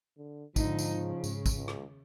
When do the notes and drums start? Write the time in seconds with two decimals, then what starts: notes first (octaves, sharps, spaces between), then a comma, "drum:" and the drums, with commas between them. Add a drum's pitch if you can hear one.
0.18 D3
0.56 G#2 D3 F3 D#4, drum: kick, tambourine
0.79 drum: tambourine
0.95 C#3
1.24 G#2, drum: tambourine
1.46 drum: kick, tambourine
1.56 C#2
1.68 drum: rim click